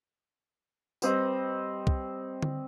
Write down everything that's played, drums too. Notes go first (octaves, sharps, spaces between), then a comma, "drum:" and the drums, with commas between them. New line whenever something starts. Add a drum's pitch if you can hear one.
G3 C4 D#5, drum: tambourine
drum: kick
drum: tom D3